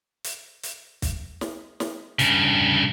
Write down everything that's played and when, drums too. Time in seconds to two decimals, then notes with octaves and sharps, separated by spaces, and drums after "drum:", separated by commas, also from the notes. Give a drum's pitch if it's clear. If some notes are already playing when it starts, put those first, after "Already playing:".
0.24 drum: hi-hat
0.63 drum: hi-hat
1.02 drum: kick, hi-hat
1.41 drum: snare
1.80 drum: snare
2.19 G2 C#3, drum: hi-hat